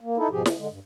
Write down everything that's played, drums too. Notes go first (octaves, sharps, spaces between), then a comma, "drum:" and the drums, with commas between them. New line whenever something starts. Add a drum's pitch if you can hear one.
A#3
D#4 E4 A4
G#2 B2 F3 G4 G#4
D3, drum: snare
D3 G#3
G2